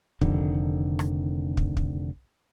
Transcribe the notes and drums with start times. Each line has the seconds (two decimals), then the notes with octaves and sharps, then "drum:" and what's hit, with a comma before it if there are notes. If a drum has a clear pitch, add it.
0.21 F1 F2 D3 D#3, drum: kick
0.99 drum: rim click
1.57 drum: kick
1.77 drum: kick